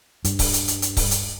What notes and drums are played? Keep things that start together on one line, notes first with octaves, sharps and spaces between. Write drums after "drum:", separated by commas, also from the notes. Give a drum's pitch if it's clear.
G2, drum: hi-hat
drum: kick C#1, open hi-hat
drum: hi-hat
drum: hi-hat
drum: hi-hat
drum: kick C#1, open hi-hat
drum: hi-hat